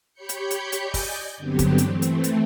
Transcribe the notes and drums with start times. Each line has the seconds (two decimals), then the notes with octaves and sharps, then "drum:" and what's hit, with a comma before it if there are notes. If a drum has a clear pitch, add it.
0.13 G4 C#5 B5 G6 C#7
0.29 drum: hi-hat
0.51 drum: hi-hat
0.72 drum: hi-hat
0.82 D5 D#5 G#5 G6
0.94 drum: kick, open hi-hat
1.37 G2 D3 F#3 B3 C4 G4
1.59 drum: kick, hi-hat
1.78 E3 A3 C4, drum: hi-hat
2.02 drum: hi-hat
2.24 drum: hi-hat